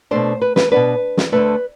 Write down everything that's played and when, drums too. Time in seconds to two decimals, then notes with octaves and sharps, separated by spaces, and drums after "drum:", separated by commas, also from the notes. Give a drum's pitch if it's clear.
0.11 B2 A3 D4 C5
0.42 B4
0.56 B4, drum: snare
0.72 B2 B3 D4 B4
1.17 drum: snare
1.32 D2 D3 A3 B4